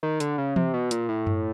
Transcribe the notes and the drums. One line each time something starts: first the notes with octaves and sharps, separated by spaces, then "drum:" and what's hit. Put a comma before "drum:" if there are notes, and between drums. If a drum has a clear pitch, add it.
D#3
D3, drum: hi-hat
C#3
C3, drum: tom E3
B2
A#2, drum: hi-hat
A2
drum: tom F#2